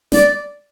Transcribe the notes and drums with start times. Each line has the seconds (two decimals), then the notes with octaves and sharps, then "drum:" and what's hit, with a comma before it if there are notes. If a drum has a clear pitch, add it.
0.12 D5, drum: snare